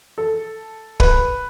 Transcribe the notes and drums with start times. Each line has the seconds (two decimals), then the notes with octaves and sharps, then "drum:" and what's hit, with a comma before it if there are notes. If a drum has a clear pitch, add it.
0.18 A4
1.00 B4, drum: kick